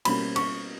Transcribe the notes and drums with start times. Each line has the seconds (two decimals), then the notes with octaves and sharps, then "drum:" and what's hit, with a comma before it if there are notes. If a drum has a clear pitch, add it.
0.05 B2 G3 A#3 C#4 B5, drum: cymbal
0.36 C#6, drum: cymbal